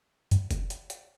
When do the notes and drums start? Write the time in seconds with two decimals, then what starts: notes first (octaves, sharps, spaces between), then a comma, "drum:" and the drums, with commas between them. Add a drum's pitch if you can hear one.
0.31 G2, drum: hi-hat
0.51 drum: kick, hi-hat
0.70 drum: hi-hat
0.90 drum: hi-hat